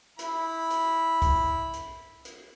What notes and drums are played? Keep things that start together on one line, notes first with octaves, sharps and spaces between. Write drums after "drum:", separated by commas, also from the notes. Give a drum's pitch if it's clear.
E4 B5, drum: hi-hat
drum: hi-hat
drum: kick B1, hi-hat
drum: hi-hat
drum: hi-hat